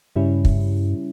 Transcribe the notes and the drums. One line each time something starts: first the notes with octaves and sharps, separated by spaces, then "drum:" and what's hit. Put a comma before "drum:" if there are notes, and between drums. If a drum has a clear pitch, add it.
G2 C#3 G3 C#4 E4
drum: kick